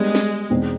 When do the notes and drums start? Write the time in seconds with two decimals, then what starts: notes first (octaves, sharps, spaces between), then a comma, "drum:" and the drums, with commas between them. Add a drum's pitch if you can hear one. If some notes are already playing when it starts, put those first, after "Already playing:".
Already playing: G3 G#3 B3 D4
0.15 drum: snare
0.50 E2 B2 G#3 C4 D#4